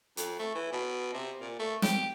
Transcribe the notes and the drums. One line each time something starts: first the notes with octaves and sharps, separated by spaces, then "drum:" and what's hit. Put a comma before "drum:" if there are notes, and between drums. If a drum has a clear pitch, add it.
F2, drum: hi-hat
A3
E3
B2
C3
A#2
A3
G4, drum: snare